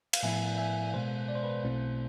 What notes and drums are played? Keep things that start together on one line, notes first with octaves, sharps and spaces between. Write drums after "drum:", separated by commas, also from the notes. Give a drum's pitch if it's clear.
F5, drum: cymbal
A2 F3 B3 E4 E5 G#5
E5 G#5
B2 G#3 B3 C5
D5
C5
B4
C5
B1 B2 A3 C4 E4